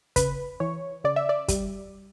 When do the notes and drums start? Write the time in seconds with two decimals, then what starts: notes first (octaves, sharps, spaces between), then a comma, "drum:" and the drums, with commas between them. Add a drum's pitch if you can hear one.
0.16 C#3 B4, drum: kick, hi-hat
0.60 E3 C#5
1.04 C#3 D5
1.16 E5
1.29 D5
1.48 G3, drum: kick, hi-hat